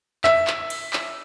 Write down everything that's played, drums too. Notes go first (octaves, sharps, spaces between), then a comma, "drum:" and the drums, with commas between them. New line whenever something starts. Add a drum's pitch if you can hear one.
E5, drum: clap
drum: clap
drum: cymbal
drum: clap